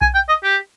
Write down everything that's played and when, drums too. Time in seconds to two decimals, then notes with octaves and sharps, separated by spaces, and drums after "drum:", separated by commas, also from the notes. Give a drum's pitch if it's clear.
0.01 G#5, drum: kick B1
0.15 G5
0.29 D#5
0.44 G4